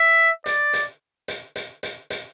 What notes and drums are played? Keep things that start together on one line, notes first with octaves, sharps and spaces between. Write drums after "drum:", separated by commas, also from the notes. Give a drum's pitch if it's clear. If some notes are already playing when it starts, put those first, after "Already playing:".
Already playing: E5
D5, drum: hi-hat
drum: hi-hat
drum: hi-hat
drum: hi-hat
drum: hi-hat
drum: hi-hat